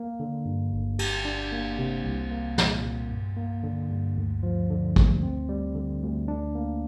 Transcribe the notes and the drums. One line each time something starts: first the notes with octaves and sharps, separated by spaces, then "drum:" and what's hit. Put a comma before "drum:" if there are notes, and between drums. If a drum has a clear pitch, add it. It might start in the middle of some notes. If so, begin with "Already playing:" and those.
Already playing: A#3
D3
G2
G1
G4, drum: cymbal
D4
A#3
C3
C2
A#3
A#2, drum: snare
C2
G2
A#3
D3
G2
D2
F3
D3
D2, drum: kick
C4
G3
D3
D2
D4
A#3